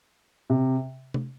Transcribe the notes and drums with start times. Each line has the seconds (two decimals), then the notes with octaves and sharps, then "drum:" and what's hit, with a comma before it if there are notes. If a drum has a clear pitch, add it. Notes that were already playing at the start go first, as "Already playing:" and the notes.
0.50 C3
1.14 drum: tom C3